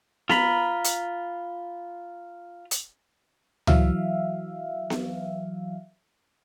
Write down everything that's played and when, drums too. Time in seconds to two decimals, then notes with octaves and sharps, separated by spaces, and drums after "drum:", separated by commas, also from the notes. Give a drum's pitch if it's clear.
0.29 F4 A#5 B5, drum: snare B3
0.84 drum: hi-hat
2.71 drum: hi-hat
3.67 E3 F#3 E5 F5, drum: tom C#2
4.90 drum: snare B3